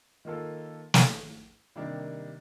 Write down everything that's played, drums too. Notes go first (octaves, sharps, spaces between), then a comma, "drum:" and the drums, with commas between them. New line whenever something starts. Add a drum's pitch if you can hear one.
D#3 A#3 F4 A4
drum: snare
C3 D#3 G3 A#3 D4